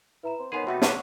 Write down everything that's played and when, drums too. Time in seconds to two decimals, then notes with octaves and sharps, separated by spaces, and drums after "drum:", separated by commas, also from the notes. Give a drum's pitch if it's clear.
0.24 E4 B4 A#5 E7
0.39 C4 C6
0.52 D#3 B3 G#4 C#5 F5 G#5 C6
0.67 C3 A3 B3 D#4 F#4 E5
0.82 D3 B3 D4 G#4 C#5 F#5 D6 F#6, drum: snare